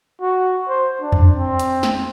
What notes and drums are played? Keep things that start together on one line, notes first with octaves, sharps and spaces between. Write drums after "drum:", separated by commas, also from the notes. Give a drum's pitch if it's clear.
F#4
C5
D4
drum: tom E2
C4
drum: hi-hat
drum: snare